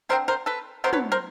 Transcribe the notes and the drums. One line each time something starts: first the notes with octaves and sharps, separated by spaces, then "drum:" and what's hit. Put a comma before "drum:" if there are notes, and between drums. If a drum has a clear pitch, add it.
D3 G3 C4 A#4 C5
A#4 C5
A4 B4
D3 F#3 B3 A#4 C5
B4 C#5, drum: tom
A#4 C5